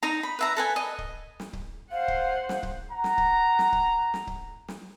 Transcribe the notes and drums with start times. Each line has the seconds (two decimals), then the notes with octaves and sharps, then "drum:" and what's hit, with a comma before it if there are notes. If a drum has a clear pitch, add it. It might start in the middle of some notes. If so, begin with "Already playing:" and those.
0.03 D#4 A#5
0.23 B5
0.39 B4 E5 A#5
0.57 A4 B4 G#5
0.76 D#5
0.98 drum: kick C#1
1.40 drum: snare
1.53 drum: kick C#1
1.91 C5 F5 F#5
2.08 drum: kick C#1
2.49 drum: snare
2.63 drum: kick C#1
2.90 F#5 A#5
3.04 drum: snare
3.18 drum: kick C#1
3.59 drum: snare
3.73 drum: kick C#1
4.14 drum: snare
4.27 drum: kick C#1
4.68 drum: snare